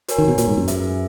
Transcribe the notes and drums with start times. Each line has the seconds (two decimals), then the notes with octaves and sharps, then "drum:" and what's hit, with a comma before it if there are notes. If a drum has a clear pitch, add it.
0.08 F#4 A#4 C#5 G#5, drum: hi-hat
0.18 D#3
0.28 B2
0.38 A#2, drum: hi-hat
0.48 G#2
0.57 F#2
0.68 G#4 B4 E5, drum: hi-hat